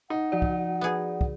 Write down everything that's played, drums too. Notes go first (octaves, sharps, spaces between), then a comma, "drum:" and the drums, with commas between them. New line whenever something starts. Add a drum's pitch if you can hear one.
D#4 F#5
F3 F#4 D5
drum: kick
B3 G#4
drum: kick